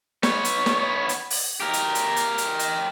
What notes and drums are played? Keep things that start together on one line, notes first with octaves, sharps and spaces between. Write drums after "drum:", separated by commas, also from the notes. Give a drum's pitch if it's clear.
B3 C#5, drum: snare
drum: hi-hat
drum: snare
drum: hi-hat
drum: open hi-hat
G4 A#4
drum: hi-hat
drum: hi-hat
drum: hi-hat
drum: hi-hat
drum: hi-hat